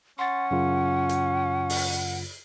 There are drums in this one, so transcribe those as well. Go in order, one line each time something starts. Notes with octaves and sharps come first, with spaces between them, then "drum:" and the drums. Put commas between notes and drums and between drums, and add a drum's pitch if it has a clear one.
C#4 F#5 C6 A6
F#2 C#3 F4
drum: hi-hat
drum: open hi-hat